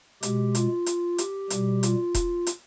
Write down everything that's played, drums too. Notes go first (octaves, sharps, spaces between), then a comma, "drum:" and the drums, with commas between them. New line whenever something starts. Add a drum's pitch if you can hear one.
B2 G#3 G4, drum: hi-hat
F4, drum: hi-hat
drum: hi-hat
G4, drum: hi-hat
B2 G3, drum: hi-hat
F4, drum: hi-hat
drum: kick E1, hi-hat
drum: hi-hat